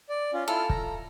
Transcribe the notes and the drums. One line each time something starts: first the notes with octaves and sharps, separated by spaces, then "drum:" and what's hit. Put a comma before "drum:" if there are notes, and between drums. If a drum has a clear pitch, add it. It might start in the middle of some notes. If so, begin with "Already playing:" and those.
D5
C#4 F4
E4 F4 A4 F6
A#5, drum: kick